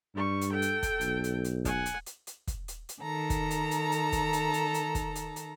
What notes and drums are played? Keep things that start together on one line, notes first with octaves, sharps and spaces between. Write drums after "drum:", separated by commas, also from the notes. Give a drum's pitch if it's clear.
G2 G3 C#6
drum: hi-hat
A4 G5
drum: hi-hat
drum: kick, hi-hat
B1, drum: hi-hat
drum: hi-hat
drum: hi-hat
F#5 G#5, drum: kick, hi-hat
drum: hi-hat
drum: hi-hat
drum: hi-hat
drum: kick, hi-hat
drum: hi-hat
drum: hi-hat
D#3 A4 A#5
drum: kick, hi-hat
drum: hi-hat
drum: hi-hat
drum: hi-hat
drum: kick, hi-hat
drum: hi-hat
drum: hi-hat
drum: hi-hat
drum: kick, hi-hat
drum: hi-hat
drum: hi-hat